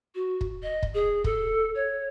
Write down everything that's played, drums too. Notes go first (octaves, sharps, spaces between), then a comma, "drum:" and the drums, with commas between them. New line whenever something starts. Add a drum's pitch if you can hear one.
F#4
drum: kick
D#5
drum: kick
G#4
A4, drum: kick
C#5